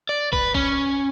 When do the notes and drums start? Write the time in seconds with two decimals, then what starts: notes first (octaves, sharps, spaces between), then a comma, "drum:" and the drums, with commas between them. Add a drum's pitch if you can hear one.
0.09 D5
0.33 B4, drum: kick
0.54 C#4, drum: kick